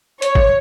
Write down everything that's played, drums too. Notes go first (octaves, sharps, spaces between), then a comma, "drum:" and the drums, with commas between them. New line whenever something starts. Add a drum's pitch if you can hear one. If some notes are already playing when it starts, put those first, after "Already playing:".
C#5, drum: hi-hat
drum: kick